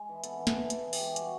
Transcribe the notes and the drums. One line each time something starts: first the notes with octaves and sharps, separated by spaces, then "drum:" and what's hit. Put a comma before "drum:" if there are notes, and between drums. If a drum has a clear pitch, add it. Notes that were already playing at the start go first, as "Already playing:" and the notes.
Already playing: G#3
E3
B3 A4, drum: hi-hat
E3
A4, drum: snare
E3
E3 G#4, drum: hi-hat
E3
G4, drum: open hi-hat
G#3 G#4
G4
G3 F#4, drum: hi-hat